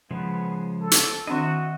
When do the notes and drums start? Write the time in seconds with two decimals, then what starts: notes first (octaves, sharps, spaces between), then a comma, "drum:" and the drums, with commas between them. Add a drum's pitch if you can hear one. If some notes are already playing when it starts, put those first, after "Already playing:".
0.11 C#3 F3 G#3 B3
0.80 A4
0.91 drum: hi-hat
1.27 D#3 C4 D4 F#4 D#5 E5